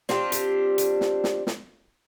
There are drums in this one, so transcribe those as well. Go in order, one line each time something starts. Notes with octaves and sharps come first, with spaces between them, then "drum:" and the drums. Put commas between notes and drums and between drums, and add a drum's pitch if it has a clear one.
C4 D4 F4 G4, drum: snare
drum: hi-hat
drum: hi-hat
drum: snare
drum: snare
drum: snare